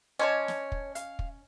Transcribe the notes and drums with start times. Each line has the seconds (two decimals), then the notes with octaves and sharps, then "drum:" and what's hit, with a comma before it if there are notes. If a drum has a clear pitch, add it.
0.19 C#4 C#5 D#5 A5 C6 D6
0.48 drum: snare
0.72 drum: kick
0.95 F5, drum: hi-hat
1.19 drum: kick